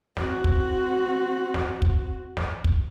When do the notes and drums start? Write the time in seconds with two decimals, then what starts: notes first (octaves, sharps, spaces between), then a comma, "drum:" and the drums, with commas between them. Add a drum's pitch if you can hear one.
0.17 C4 F#4, drum: snare
0.44 drum: kick
1.54 drum: snare
1.82 drum: kick
2.37 drum: snare
2.64 drum: kick